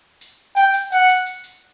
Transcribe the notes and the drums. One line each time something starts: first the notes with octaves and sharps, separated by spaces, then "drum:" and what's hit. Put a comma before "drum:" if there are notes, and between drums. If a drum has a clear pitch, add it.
drum: hi-hat
G5, drum: hi-hat
drum: hi-hat
F#5, drum: hi-hat
drum: hi-hat
drum: hi-hat
drum: hi-hat